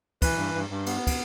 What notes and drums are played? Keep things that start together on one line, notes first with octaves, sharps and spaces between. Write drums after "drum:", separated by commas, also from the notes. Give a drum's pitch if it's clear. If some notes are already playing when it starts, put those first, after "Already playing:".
E3 B4, drum: kick, cymbal
G2
G2
G2
B3, drum: cymbal
drum: kick, cymbal